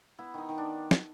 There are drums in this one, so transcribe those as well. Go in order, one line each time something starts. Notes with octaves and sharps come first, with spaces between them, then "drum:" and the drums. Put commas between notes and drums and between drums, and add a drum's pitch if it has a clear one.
B3 E4
D#3 D#4
D#3
D4
drum: snare